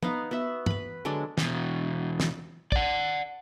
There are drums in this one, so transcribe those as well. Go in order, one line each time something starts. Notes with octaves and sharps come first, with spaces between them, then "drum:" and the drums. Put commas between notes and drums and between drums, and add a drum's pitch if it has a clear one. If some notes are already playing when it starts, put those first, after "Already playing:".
B3 D#4 F5, drum: tom
B3 F#4 E5
B4 B5, drum: tom G2
D3 F#3 G#3 D4
E2 B2, drum: snare
drum: snare
D5 F#5, drum: kick